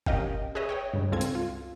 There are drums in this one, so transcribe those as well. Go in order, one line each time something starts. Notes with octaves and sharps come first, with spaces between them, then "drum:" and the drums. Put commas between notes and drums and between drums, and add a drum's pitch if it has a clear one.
C#4 G4 A#4 D#5 F5 G5, drum: kick F#1
G#4 B4 C#5 D#5 E5
C#5 G5 D#6
G2 C#3
C#2 G#2 C4 F4 A4 G#6
drum: hi-hat
F4